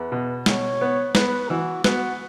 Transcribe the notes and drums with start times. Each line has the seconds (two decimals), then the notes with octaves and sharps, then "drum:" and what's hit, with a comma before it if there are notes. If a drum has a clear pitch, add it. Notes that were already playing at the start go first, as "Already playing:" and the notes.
Already playing: E2 B4
0.12 B2
0.46 B2 C#5, drum: snare
0.81 B3
1.15 B3 B4, drum: snare
1.49 E3 F#4
1.84 B3 F#4, drum: snare